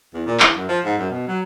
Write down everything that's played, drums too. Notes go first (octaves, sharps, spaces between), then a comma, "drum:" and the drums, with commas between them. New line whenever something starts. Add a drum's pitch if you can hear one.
E2
A#2
E3, drum: clap
F#2
F3
G#2
F#2
B2
F#3